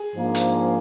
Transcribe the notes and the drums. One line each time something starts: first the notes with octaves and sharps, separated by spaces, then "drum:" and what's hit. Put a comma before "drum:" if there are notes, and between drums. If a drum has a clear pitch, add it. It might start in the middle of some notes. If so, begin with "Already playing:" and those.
Already playing: G#4
G#2 F3 A#3 D4
drum: hi-hat